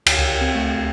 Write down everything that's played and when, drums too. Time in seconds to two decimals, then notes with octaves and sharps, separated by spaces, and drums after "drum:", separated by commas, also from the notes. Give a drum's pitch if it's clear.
0.06 D2, drum: cymbal
0.18 C#2
0.41 C4
0.55 A3
0.74 D2